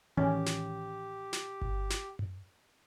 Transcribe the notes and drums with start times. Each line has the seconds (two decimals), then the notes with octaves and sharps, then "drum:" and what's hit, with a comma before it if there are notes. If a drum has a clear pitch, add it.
0.17 A1 D#3 E3 C#4 G4
0.46 drum: snare
1.33 drum: snare
1.62 drum: kick G1
1.90 drum: snare
2.19 drum: tom F#2